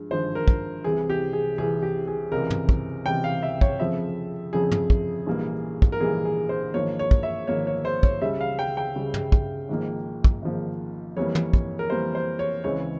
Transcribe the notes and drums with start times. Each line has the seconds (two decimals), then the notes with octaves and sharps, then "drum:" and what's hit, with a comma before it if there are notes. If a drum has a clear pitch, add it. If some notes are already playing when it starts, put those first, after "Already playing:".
Already playing: G2 F3 G#3
0.10 G#1 G2 F3 G#3 C5
0.35 A#4
0.48 drum: kick
0.84 C2 C3 E3 G#4
1.10 G4
1.33 G#4
1.58 C2 C3 E3 G#4
1.83 G4
2.08 G#4
2.32 C#2 C3 E3 A#4
2.50 drum: tom
2.69 drum: kick
3.06 C#2 C3 E3 G5
3.24 F5
3.43 E5
3.61 C#5, drum: kick
3.79 F2 C#3 F3 C4 E5
4.53 F2 C#3 F3 C4 G#4
4.72 drum: tom
4.90 drum: kick
5.27 A#1 G#2 E3 G3 A#3
5.82 drum: kick
5.92 A#4
6.00 A#1 G#2 E3 G3 A#3 G#4
6.25 G#4
6.49 C5
6.74 G#1 G#2 F3 A#3 C#5
6.99 C#5
7.11 drum: kick
7.23 E5
7.47 G#1 G#2 F3 A#3 C#5
7.67 C#5
7.85 C5
8.03 C#5, drum: kick
8.22 C#2 C#3 G3 E5
8.41 F5
8.59 G5
8.77 G5
8.95 C#2 C#3 G3
9.14 drum: tom
9.32 drum: kick
9.69 G#1 G#2 F3 A#3
10.24 drum: kick
10.42 G#1 G#2 F3 A#3
11.17 F2 E3 G3 A#3 C#5
11.35 drum: tom
11.53 drum: kick
11.79 A#4
11.90 F2 E3 G3 A#3 C5
12.15 C5
12.39 C#5
12.64 C#2 C#3 E3 G#3 C4 C#5